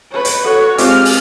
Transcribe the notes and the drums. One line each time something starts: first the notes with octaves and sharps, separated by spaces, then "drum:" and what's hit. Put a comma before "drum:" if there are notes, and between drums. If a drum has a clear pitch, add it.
B4 C#5
drum: hi-hat
F#4 A4 C#5
G#3 C4 F4 G4 D6 F6, drum: hi-hat
drum: open hi-hat